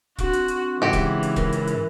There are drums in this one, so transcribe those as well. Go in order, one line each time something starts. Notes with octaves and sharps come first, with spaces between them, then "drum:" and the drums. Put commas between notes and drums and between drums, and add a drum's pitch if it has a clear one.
C4 D4 F#4, drum: kick, hi-hat
drum: hi-hat
drum: hi-hat
G#2 C#3 E3 F#4 G4
drum: kick, hi-hat
drum: hi-hat
A#4, drum: kick, hi-hat
drum: hi-hat
drum: hi-hat